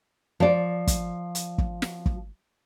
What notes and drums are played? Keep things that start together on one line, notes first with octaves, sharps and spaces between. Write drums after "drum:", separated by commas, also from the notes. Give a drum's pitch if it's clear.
F3 D5
drum: kick, hi-hat
drum: hi-hat
drum: kick
drum: snare
drum: kick